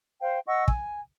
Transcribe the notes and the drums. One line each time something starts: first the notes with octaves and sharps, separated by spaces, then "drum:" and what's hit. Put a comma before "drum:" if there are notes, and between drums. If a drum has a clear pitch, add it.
C5 F5 G5
D#5 F#5 C#6 E6
G#5, drum: kick